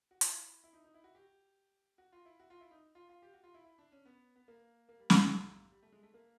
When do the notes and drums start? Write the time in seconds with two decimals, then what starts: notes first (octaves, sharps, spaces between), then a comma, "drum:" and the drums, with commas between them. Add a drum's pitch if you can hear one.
0.11 F#4
0.21 F4, drum: hi-hat
0.31 E4
0.64 E4
0.73 D#4
0.84 D#4
0.94 E4
1.04 F#4
1.15 G4
1.98 F#4
2.12 F4
2.26 E4
2.40 F#4
2.50 F4
2.61 E4
2.71 D#4
2.95 F4
3.09 F4
3.22 G4
3.34 F#4
3.44 F4
3.54 E4
3.65 E4
3.78 D4
3.92 C#4
4.05 B3
4.36 B3
4.48 A#3
4.89 A#3
5.00 G3
5.10 F#3, drum: snare
5.20 F3
5.30 G3
5.72 G3
5.83 A3
5.92 G#3
6.03 A3
6.14 A#3